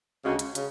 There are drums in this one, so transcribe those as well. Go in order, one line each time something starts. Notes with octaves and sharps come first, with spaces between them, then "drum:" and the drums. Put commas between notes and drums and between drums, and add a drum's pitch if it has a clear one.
D2 C#3 G#3 C#4 F#4
drum: hi-hat
C#3, drum: hi-hat